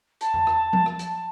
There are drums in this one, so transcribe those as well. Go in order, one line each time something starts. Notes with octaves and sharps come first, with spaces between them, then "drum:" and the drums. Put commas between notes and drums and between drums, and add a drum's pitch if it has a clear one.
A5, drum: hi-hat
drum: tom E2
drum: rim click
drum: tom F3
drum: rim click
drum: hi-hat